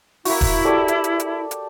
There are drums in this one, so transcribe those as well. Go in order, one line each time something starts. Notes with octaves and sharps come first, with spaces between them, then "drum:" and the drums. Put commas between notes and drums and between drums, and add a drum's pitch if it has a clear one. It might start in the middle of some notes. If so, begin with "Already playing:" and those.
A#3 E4 F#4, drum: open hi-hat
drum: kick D#1, open hi-hat
G4 A4 D5
drum: hi-hat
drum: hi-hat
drum: hi-hat
drum: hi-hat